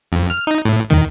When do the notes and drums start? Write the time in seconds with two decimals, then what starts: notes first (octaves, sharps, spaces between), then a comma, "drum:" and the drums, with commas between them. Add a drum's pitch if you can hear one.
0.12 F2
0.30 F6
0.47 D#4
0.65 A2
0.90 D#3, drum: tom